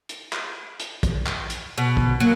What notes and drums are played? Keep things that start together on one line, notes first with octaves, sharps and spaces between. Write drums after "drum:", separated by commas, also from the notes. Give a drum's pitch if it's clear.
drum: hi-hat
drum: clap
drum: hi-hat
drum: kick, hi-hat
drum: clap
drum: hi-hat
B2
drum: kick
F#3 A#3